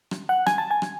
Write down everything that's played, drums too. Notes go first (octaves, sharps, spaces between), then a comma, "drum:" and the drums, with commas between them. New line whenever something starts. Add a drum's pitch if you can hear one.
drum: rim click
F#5
G#5, drum: rim click
A5
G#5
drum: rim click